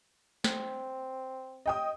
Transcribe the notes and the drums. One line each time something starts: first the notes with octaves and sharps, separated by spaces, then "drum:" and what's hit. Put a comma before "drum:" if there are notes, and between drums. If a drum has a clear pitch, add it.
C4, drum: snare
D#5 G5 D#6